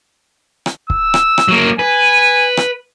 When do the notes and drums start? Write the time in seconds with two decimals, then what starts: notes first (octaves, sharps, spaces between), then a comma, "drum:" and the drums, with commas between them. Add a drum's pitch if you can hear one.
0.66 drum: rim click
0.90 E6, drum: kick
1.14 drum: rim click
1.38 drum: rim click
1.48 F#3 A#3
1.79 B4 G#5
2.57 drum: rim click